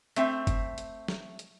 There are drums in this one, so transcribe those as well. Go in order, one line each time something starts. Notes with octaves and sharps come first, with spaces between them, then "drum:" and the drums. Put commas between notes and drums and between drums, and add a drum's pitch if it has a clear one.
A3 C4 E5, drum: hi-hat
drum: kick F#1, hi-hat
drum: hi-hat
drum: snare
drum: hi-hat